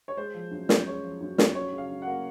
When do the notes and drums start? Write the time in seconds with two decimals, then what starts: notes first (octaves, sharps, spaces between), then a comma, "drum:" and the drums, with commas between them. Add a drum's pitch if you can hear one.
0.08 C#5
0.17 G#3 C5
0.34 F3
0.51 F#2
0.69 F#2, drum: snare
0.86 G#3 C#5
1.04 F3
1.21 F#2
1.38 F#2, drum: snare
1.55 F#3 C#5
1.72 C#3
1.78 F5
1.90 F#2
2.02 A#3 F#5